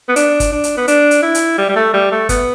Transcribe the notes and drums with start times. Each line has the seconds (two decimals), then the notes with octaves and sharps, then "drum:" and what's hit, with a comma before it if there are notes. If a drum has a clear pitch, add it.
0.09 B3
0.16 D4, drum: hi-hat
0.40 drum: kick, hi-hat
0.52 D4
0.64 drum: hi-hat
0.77 B3
0.88 D4, drum: hi-hat
1.11 drum: hi-hat
1.22 E4
1.35 drum: hi-hat
1.58 G3
1.68 G3
1.76 A3
1.94 G3
2.12 A3
2.29 B3, drum: kick, hi-hat